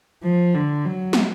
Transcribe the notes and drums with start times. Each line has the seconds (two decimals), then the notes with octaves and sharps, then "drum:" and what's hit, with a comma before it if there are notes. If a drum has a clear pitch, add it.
0.23 F3
0.55 D3
0.85 F#3
1.13 drum: snare